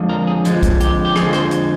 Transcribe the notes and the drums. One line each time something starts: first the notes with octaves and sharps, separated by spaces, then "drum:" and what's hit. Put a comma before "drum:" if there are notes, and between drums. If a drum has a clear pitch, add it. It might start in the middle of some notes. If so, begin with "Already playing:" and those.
Already playing: F2 D3 F3 G#3
A#4
G#4
F2 D3 F3 G#3, drum: hi-hat
drum: kick, hi-hat
G4, drum: hi-hat
G4
F2 D3 F3 G#3 G#4, drum: rim click
C5, drum: rim click
drum: hi-hat